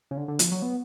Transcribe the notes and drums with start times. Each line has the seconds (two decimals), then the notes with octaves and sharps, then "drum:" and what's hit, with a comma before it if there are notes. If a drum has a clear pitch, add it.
0.11 C#3
0.17 D3
0.28 D3
0.39 F3, drum: hi-hat
0.51 F#3
0.62 B3